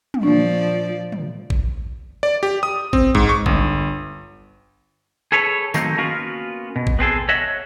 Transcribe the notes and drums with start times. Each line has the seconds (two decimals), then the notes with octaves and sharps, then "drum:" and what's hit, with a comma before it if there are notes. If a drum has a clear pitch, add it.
0.14 drum: tom
0.23 A#2 F3 A#3 D4 D5
1.12 drum: tom
1.50 drum: kick
2.23 D5
2.43 G4
2.63 D#6
2.93 C4, drum: kick
3.15 G#2, drum: kick
3.29 C#6
3.46 G1, drum: kick
5.32 G#4 A4 B4 C#5
5.74 D#3 F#3 A3 A#3 C4 D#4, drum: tambourine
5.97 A#3 B3 C#4 F4 F#4 A#4
6.76 B2
6.87 drum: kick
6.99 B3 C4 G#4 A4
7.29 C#5 D#5 E5 F#5